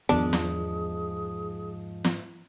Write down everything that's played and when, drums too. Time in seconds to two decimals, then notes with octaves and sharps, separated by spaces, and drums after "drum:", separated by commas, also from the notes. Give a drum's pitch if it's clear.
0.09 E2 G#2 D#3 F3 B3 D4 G#4, drum: rim click
0.33 drum: snare
2.04 drum: snare